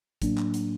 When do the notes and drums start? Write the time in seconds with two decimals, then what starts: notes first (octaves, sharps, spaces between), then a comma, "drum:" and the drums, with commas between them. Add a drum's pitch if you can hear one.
0.22 A2 F#3 A#3 D4, drum: kick, hi-hat
0.38 drum: clap
0.54 drum: hi-hat